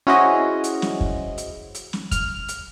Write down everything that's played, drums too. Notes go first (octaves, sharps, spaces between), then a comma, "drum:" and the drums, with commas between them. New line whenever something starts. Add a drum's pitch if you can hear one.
C#4 E4 F#4 G#4 C5 D#5
drum: hi-hat
drum: snare
drum: kick
drum: hi-hat
drum: hi-hat
drum: snare
F6, drum: kick, hi-hat
drum: hi-hat